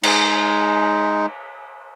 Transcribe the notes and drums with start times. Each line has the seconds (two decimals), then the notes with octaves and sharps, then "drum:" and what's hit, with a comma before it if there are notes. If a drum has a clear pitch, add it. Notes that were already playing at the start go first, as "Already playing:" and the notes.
0.03 G#3 D#4, drum: cymbal